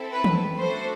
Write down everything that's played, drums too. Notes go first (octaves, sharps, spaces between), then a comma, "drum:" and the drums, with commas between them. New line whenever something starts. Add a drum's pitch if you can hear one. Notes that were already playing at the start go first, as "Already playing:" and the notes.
Already playing: C4 E4 A4
B4
drum: tom
A3 D4 F#4 A4 C5